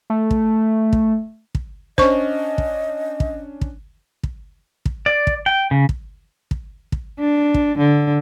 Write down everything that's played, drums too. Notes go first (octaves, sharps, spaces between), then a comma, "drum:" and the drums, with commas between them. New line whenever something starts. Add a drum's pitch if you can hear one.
A3
drum: kick
drum: kick
drum: kick
C#4 D4 C5 D#5 C#6, drum: kick
drum: kick
drum: kick
drum: kick
drum: kick
drum: kick
D5
drum: kick
G5
C#3
drum: kick
drum: kick
drum: kick
D4
drum: kick
D3